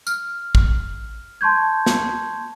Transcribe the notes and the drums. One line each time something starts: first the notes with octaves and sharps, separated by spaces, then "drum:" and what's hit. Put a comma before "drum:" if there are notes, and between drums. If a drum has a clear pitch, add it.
F6, drum: tambourine
drum: kick A1
A5 C6 C#6 G6 G#6
drum: snare